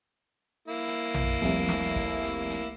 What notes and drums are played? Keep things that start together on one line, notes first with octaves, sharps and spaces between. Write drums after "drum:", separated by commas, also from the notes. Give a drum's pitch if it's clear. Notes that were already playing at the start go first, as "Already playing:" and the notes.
A#3 E4
drum: hi-hat
drum: tom A#1
F1 C2, drum: hi-hat
drum: snare
drum: kick A1, hi-hat
drum: hi-hat
drum: hi-hat